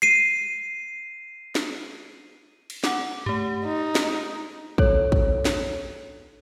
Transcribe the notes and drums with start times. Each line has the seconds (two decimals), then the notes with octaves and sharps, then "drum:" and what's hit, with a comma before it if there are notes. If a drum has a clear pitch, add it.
0.02 C7 D#7, drum: hi-hat
1.55 drum: snare
2.70 drum: cymbal
2.84 F#5 D6, drum: snare
3.26 A3 G4, drum: tom G2
3.65 D#4
3.95 drum: snare
4.78 A4 C#5, drum: kick
5.12 drum: kick
5.45 drum: snare